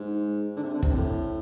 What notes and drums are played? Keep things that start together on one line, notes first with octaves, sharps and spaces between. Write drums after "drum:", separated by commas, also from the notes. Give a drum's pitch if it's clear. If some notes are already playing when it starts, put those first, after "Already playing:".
Already playing: G#2
D3
C3
D3
C3, drum: kick
A2